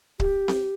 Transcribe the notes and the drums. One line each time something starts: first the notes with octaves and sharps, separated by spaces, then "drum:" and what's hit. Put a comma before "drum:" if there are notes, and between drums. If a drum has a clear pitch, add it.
G4, drum: kick C#1
drum: snare C4